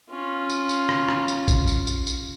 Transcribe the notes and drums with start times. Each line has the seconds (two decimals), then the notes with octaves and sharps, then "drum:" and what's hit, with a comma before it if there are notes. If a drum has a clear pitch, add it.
0.10 C#4 F4
0.50 drum: tambourine
0.69 drum: tambourine
0.89 drum: rim click
1.09 drum: rim click
1.28 drum: tambourine
1.48 drum: kick, tambourine
1.67 drum: tambourine
1.87 drum: tambourine
2.07 drum: tambourine